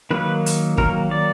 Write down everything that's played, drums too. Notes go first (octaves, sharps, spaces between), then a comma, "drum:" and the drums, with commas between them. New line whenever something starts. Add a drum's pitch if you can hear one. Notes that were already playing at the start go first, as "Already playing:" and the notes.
D#3 F#3 A#3 B4
drum: hi-hat
D#3 F#3 A#3 A#4, drum: kick
D5